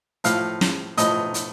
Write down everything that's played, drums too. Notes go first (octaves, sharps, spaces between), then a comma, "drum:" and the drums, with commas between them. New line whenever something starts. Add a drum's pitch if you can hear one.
A2 F3 F5, drum: hi-hat
drum: snare
A2 F3 D#5, drum: hi-hat
drum: hi-hat